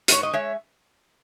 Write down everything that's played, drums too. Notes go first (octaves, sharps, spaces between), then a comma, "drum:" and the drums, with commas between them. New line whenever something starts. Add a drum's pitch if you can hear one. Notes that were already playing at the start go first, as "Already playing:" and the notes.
G#2 C#5, drum: hi-hat
D#5
G#3 C#5 E5